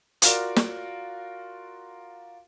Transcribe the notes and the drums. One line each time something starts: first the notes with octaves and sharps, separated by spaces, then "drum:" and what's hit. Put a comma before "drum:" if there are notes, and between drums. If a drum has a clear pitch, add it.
F4 F#4 A#4 D5, drum: hi-hat
drum: snare